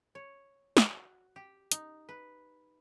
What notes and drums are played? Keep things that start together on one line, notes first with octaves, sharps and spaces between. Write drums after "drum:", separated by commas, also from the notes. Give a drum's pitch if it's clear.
C#5
F#4, drum: snare
G4
D#4, drum: hi-hat
B4